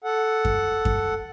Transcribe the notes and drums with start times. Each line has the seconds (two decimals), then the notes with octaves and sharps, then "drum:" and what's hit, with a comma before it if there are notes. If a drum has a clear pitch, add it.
0.04 A4 F#5
0.45 drum: kick F#2
0.85 drum: kick F#2